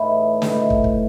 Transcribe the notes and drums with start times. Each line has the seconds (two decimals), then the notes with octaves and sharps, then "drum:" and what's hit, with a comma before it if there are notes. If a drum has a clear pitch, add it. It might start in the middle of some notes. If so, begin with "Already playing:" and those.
Already playing: A2 E3 A3 D#4
0.42 A2 E3 A3 D#4, drum: snare
0.70 drum: kick
0.84 drum: kick